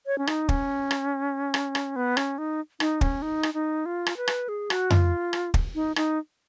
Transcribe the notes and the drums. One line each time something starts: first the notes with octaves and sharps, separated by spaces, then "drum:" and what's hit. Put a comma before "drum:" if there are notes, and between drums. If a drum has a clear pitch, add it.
C#5
C#4
D#4, drum: rim click
C#4, drum: kick
drum: rim click
drum: rim click
drum: rim click
B3
C#4, drum: rim click
D#4
D#4, drum: rim click
C#4, drum: kick
D#4
drum: rim click
D#4
F4
drum: rim click
B4
drum: rim click
G#4
F#4, drum: rim click
F4, drum: tom F2
drum: rim click
drum: kick
D#4
D#4, drum: rim click